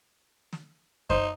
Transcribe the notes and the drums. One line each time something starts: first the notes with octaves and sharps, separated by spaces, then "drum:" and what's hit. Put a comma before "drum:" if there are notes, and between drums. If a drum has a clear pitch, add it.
drum: snare
D#4 C5, drum: kick F#2